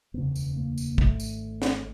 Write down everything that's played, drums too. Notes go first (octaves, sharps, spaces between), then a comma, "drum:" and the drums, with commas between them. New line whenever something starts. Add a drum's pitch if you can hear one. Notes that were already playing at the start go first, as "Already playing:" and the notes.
E1 D2 C#3 B3
drum: tambourine
A#3
drum: tambourine
G#1 G#2 A3, drum: kick
drum: tambourine
drum: snare